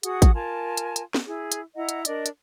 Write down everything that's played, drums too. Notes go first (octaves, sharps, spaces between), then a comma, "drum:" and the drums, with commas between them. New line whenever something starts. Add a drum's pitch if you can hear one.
F#4 G#4 F#5 D#6, drum: hi-hat
drum: kick, hi-hat
F4 A#4 G#5 A5
drum: hi-hat
drum: hi-hat
drum: snare
E4 G#4
drum: hi-hat
E4 D#5 F#5 A#5
drum: hi-hat
D4 A#4 D5 D#5, drum: hi-hat
drum: hi-hat